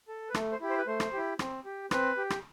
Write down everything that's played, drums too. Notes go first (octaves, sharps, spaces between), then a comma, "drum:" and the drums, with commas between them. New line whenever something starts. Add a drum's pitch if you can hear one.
A4
B4
A3 A4, drum: rim click
C5
E4 G4
C5
B4
A3 C5
drum: rim click
E4 G4
C4, drum: rim click
G4
C4 B4, drum: rim click
G4
drum: rim click